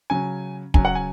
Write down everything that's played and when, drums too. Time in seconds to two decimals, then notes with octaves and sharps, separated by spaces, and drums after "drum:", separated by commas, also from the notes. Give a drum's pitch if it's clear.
0.10 C#3 F#3 C#4 G#5
0.74 C#3 F#3 C#4 G#5, drum: kick
0.85 F#5
0.95 G#5